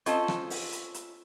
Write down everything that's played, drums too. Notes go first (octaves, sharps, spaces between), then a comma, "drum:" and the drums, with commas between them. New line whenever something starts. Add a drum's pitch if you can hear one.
C4 C#4 F4 A4 C5 D#5, drum: hi-hat
drum: rim click
drum: open hi-hat
drum: hi-hat
drum: hi-hat